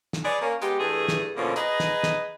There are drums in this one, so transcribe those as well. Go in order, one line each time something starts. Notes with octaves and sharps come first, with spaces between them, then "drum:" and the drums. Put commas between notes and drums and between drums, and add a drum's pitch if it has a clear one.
drum: snare
G#4 B4 C#5 D5
A#3 C#4
G#3 B3 D#4 G4, drum: hi-hat
G2 E3 A3 G#4
drum: snare
F2 B2 D3 F3 A#3 C#4
D#4 G#4 B4 D#5, drum: hi-hat
drum: snare
drum: snare